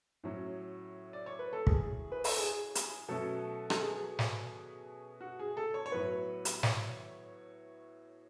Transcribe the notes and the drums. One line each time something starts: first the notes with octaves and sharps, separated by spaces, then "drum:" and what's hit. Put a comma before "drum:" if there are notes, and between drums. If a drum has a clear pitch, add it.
A2 F#3 C#4
D5
C#5
B4
A4
G#4, drum: kick
B4
A4, drum: open hi-hat
G#4
drum: hi-hat
B2 F#3 A3 C#4 A4
A4, drum: rim click
G#4
drum: snare
F#4
G#4
A4
C#5
C#5
A2 F#3 B3 B4
drum: hi-hat
C#5, drum: snare